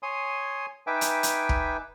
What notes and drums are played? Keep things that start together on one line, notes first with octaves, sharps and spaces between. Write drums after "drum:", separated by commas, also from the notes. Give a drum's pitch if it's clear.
C#5 G#5 C6 D#6
D#4 B4 E5 G5 G#5 D6
drum: hi-hat
drum: hi-hat
drum: kick